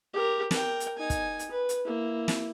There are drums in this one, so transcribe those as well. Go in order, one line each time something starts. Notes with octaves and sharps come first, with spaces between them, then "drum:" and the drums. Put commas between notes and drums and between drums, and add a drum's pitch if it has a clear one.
G4 A#4
A#4 G5, drum: snare
drum: hi-hat
D#4 G#5
drum: kick, hi-hat
drum: hi-hat
B4
drum: hi-hat
A#3 E4
drum: snare